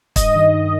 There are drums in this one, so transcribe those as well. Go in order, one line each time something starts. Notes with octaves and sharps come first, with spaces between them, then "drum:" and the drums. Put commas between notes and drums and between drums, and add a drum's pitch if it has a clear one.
G2 D#5, drum: kick, hi-hat
D#3
D#3